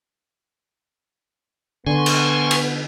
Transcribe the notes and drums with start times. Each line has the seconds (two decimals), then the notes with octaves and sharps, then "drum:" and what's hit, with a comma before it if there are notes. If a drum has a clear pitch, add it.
1.87 D3 B3 G#5 C6 C#6
2.06 drum: cymbal
2.51 drum: cymbal